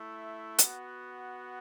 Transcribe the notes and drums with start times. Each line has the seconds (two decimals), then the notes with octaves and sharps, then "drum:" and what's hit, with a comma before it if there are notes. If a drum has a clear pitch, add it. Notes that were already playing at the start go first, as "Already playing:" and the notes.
Already playing: A3 E4
0.58 B3 F#4, drum: hi-hat